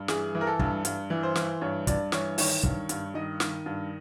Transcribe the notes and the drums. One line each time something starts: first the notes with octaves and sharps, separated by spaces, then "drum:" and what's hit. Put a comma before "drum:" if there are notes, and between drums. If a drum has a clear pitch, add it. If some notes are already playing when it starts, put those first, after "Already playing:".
Already playing: G2
E3 G#4, drum: snare
E3
A#4
A4
G2, drum: kick
G2, drum: hi-hat
E3
C5
E3, drum: snare
G2 C#5
G2 D5, drum: kick, hi-hat
E3 C#5, drum: snare
D#3 C#5, drum: open hi-hat
G2, drum: kick
G2, drum: hi-hat
D#3 D#5
D#3, drum: snare
G2